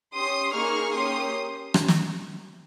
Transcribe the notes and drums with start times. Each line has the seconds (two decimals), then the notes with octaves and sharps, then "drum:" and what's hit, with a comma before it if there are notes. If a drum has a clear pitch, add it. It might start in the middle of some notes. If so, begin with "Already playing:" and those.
0.14 C#4 G4 C6 D#6
0.54 A#3 D#4 G#4 C#6 F6
0.93 A#3 C#4 G4 C6 D#6
1.74 drum: rim click
1.88 drum: snare